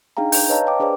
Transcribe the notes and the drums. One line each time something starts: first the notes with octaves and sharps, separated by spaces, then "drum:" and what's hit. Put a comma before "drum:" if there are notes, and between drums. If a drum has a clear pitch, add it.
D4 D#4 G#4 F5 G5 A#5
G6, drum: open hi-hat
B4 C#5 D#5 F5 A5 A#5
G5 D6
D4 G#4 B4 C5 D5